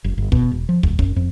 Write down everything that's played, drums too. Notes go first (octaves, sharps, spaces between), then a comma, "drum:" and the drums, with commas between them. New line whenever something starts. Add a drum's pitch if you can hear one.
F#1
G1
B2, drum: kick
E1
F3
D#1, drum: kick
F#2, drum: kick
F2